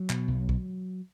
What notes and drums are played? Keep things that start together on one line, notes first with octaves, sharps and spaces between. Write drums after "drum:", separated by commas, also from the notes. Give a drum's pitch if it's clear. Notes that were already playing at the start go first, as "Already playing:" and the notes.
Already playing: F#3
B2, drum: clap
B1
drum: kick